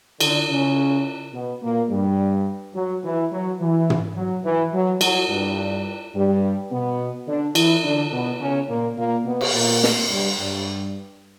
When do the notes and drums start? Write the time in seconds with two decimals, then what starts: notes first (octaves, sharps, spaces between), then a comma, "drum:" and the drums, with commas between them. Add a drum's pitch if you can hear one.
0.20 D3 D4, drum: cymbal
0.49 C#3 C#4
1.33 B2 B3
1.62 A#2 A#3
1.90 G2 G3
2.75 F#3
3.04 E3
3.32 F#3
3.60 E3
3.90 drum: tom
4.17 F#3
4.45 E3
4.73 F#3
5.01 F#3, drum: cymbal
5.29 G2 G3
6.15 G2 G3
6.71 B2 B3
7.28 D3 D4
7.55 E3 E4, drum: cymbal
7.83 D3 D4
8.12 B2 B3
8.40 C#3 C#4
8.69 A#2 A#3
8.97 A#2 A#3
9.25 B2 B3
9.41 drum: cymbal
9.53 A#2 A#3
9.83 drum: snare
10.10 G2 G3
10.39 G2 G3